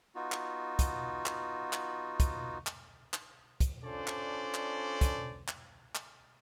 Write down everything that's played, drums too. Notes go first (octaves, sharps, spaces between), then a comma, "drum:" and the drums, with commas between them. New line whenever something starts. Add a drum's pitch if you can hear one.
B3 D#4 F4 F#4
drum: clap
drum: kick, hi-hat
drum: clap
drum: clap
drum: kick, hi-hat
drum: clap
drum: clap
drum: kick, hi-hat
C#4 D4 F4 A4 C5 D5
drum: clap
drum: clap
drum: kick, hi-hat
drum: clap
drum: clap